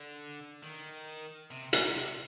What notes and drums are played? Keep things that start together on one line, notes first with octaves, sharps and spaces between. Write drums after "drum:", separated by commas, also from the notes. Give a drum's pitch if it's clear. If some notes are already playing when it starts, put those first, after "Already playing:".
Already playing: D3
D#3
C3
A#2, drum: hi-hat
C3